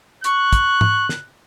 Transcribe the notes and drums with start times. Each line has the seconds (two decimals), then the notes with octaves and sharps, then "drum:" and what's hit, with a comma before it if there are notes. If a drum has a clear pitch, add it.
0.24 C#6 F#6, drum: hi-hat
0.53 drum: kick, hi-hat
0.81 drum: tom G#2
1.09 drum: snare